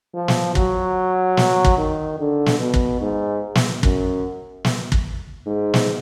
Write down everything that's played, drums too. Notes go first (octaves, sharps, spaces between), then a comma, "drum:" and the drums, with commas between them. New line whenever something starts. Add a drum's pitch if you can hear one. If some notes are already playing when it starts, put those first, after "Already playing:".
F3
drum: snare
F#3, drum: kick
drum: snare
drum: kick
D#3
D3
drum: snare
B2
drum: kick
G#2
drum: snare
F#2, drum: kick
drum: snare
drum: kick
G#2
drum: snare